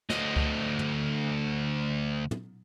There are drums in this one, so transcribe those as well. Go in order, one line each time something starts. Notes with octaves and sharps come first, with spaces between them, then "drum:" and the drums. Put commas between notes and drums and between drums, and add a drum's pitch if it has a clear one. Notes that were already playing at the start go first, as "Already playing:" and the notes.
D2 D#5, drum: snare
drum: kick C#2
drum: tom
drum: tom